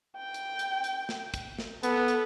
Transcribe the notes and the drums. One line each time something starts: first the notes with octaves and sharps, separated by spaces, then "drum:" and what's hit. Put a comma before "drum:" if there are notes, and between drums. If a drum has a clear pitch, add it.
G5
drum: hi-hat
drum: hi-hat
drum: hi-hat
drum: snare
drum: kick, hi-hat
drum: snare
B3 A4, drum: hi-hat
drum: hi-hat